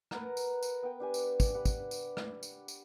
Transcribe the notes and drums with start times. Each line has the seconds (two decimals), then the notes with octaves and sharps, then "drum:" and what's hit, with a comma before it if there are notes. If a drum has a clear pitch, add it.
0.11 A#4 B4 F#5 A#5, drum: rim click
0.37 drum: tambourine
0.63 drum: tambourine
0.83 B3 G5
1.00 D4 G4 G#5
1.14 drum: tambourine
1.40 drum: kick, tambourine
1.55 G4 B4 F#5
1.65 drum: kick, tambourine
1.91 drum: tambourine
2.17 drum: rim click
2.43 drum: tambourine
2.68 drum: tambourine